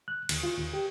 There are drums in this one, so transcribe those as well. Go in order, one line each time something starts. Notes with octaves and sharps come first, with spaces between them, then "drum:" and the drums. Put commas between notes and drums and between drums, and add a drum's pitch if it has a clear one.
F#6
D#2, drum: cymbal
F4
D#2
G4